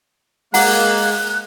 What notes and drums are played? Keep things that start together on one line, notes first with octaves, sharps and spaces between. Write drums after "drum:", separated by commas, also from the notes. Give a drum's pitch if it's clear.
G#3 A#3 F#5 A#5 F#6, drum: open hi-hat